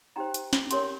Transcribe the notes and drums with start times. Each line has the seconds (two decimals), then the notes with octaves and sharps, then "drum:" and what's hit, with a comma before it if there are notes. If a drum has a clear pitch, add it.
0.16 D#4 G4 C5 G5 A#5
0.34 drum: hi-hat
0.53 drum: snare
0.71 C#4 G4 A#4 C#5 G#5 C6, drum: hi-hat